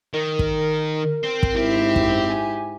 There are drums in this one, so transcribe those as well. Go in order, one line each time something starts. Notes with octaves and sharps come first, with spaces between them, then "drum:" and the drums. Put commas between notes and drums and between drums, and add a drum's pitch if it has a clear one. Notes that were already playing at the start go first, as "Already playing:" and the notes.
D#3 A#4
drum: kick
C4
drum: kick
G#2 C4 E4 G4
F#2, drum: kick
G#5